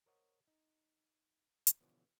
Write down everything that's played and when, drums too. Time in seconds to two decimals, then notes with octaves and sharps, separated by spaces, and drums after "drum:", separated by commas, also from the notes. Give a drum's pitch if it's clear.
0.06 A#4 C5 C#5 D#5 F#5
0.48 D#4
1.67 drum: hi-hat
1.81 B2 D3 E3 F3 B3 C#4